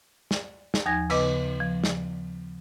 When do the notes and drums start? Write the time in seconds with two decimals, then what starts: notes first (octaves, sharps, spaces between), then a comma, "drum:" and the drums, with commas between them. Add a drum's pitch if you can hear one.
0.31 drum: snare
0.74 drum: snare
0.86 D#2 F3 D#4 G#5 G#6 A#6
1.10 C#3 B3 B4 D#5 D6, drum: cymbal
1.60 F3
1.84 drum: snare